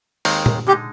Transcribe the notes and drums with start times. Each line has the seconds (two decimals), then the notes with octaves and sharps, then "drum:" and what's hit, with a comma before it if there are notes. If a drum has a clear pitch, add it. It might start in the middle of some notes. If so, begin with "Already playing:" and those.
0.25 D#2 D#3 G#3 C4, drum: open hi-hat
0.46 drum: tom A#2
0.67 D3 G#3 D#4 G4